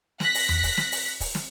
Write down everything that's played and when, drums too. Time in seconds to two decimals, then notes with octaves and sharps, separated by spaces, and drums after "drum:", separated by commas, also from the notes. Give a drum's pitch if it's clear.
0.20 F#6 A#6 B6, drum: snare
0.34 drum: open hi-hat
0.49 drum: tom E2
0.63 drum: kick, open hi-hat
0.77 drum: snare
0.92 drum: open hi-hat
1.20 drum: kick, open hi-hat
1.35 drum: snare